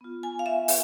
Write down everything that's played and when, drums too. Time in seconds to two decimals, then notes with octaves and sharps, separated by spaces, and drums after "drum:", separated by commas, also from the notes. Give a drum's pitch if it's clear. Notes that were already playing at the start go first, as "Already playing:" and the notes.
0.01 B3 F4
0.23 G#5
0.39 F5
0.46 E5
0.68 drum: open hi-hat